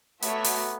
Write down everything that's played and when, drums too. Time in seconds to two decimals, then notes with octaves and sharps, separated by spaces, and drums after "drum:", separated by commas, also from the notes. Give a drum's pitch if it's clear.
0.22 A3 B3 F#4 C#5 E5, drum: hi-hat
0.44 drum: open hi-hat